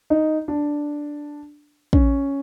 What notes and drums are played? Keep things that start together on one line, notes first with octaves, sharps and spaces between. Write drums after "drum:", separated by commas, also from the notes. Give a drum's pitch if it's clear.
D#4
D4
C#4, drum: kick